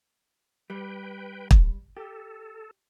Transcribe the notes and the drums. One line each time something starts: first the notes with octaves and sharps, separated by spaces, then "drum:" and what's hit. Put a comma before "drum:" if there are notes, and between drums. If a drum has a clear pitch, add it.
G3 B4 G5
drum: kick
G4 A4